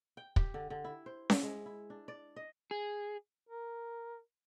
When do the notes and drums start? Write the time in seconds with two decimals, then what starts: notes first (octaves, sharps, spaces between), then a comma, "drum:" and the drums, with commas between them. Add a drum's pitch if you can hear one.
0.17 G5
0.36 G4, drum: kick
0.54 D3
0.70 D3
0.84 E4
1.06 C5
1.30 E5, drum: snare C#4
1.43 G#3
1.66 E4
1.90 D4
2.08 D5
2.36 D#5
2.71 G#4
3.49 A#4